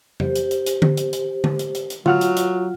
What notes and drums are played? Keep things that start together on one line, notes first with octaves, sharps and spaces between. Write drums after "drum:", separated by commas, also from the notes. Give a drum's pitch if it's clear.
G4 C5, drum: tom
drum: hi-hat
drum: hi-hat
drum: hi-hat
drum: tom D3
drum: hi-hat
drum: hi-hat
drum: tom D3
drum: hi-hat
drum: hi-hat
drum: hi-hat
F#3 F4 F#5 F6, drum: tom D3
drum: hi-hat
drum: hi-hat